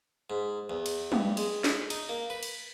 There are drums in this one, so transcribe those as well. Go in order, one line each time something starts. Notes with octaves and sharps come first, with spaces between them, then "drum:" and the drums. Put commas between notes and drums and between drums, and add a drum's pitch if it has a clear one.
G#2
E2
drum: cymbal
G2, drum: tom
G#3, drum: cymbal
drum: snare
D#4, drum: cymbal
A#3
B4
drum: cymbal